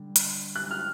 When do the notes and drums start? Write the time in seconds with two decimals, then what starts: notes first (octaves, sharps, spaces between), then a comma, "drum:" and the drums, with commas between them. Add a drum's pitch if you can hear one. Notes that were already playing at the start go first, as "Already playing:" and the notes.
Already playing: D3 G3
0.16 drum: hi-hat
0.56 F#6
0.71 F6